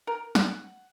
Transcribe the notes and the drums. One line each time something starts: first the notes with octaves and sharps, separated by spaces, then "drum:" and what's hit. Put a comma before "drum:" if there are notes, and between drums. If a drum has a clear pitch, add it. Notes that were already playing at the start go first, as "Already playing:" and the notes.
A#4
F#5, drum: snare